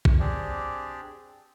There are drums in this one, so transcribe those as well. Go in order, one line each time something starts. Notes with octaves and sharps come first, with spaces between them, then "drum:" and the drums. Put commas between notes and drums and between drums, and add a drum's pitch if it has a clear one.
drum: kick
C4 D4 G4 G#4 D5